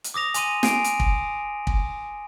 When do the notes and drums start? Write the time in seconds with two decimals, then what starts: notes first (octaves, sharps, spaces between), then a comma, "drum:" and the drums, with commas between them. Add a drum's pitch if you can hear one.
0.04 drum: hi-hat
0.14 D6 D#6 A#6 F7
0.34 G#5 C6 D#7, drum: hi-hat
0.63 G#5 C7 D7, drum: snare
0.84 drum: hi-hat
1.00 drum: kick
1.67 drum: kick